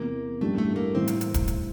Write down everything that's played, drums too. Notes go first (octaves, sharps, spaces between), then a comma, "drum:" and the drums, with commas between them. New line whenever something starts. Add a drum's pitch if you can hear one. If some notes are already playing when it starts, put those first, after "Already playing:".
Already playing: E2 C3 E3 A#3
A1 G2 E3 G3 A3
A3
A#3
A2 E3 G3 C4
drum: hi-hat
drum: hi-hat
drum: kick D1, hi-hat
drum: hi-hat